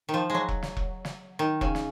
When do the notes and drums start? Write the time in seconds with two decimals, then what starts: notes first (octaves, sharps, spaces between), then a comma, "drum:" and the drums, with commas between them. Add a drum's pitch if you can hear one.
0.09 D#3
0.14 F3
0.30 F#3 G#3
0.48 drum: kick E1
0.63 drum: snare
0.77 drum: kick E1
1.05 drum: snare
1.39 D#3
1.61 C#3, drum: kick E1
1.75 drum: snare